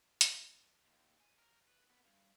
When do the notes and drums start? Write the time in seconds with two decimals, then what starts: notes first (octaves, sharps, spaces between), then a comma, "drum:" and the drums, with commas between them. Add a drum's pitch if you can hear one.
0.21 drum: hi-hat
0.85 D#2
1.20 G#5
1.38 A#4
1.68 B4
1.90 B3
2.05 G2